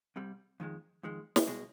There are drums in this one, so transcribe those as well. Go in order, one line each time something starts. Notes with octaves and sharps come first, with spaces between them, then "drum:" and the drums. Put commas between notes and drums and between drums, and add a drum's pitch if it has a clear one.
C2 C3 G3
F2 D#3 G#3
F2 D#3 G#3
drum: snare
C2 B2 G#3